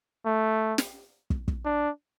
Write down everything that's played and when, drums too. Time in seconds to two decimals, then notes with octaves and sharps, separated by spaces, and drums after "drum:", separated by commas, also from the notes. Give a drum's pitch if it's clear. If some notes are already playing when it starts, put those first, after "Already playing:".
0.26 A3
0.78 drum: snare
1.30 drum: kick
1.48 drum: kick
1.65 D4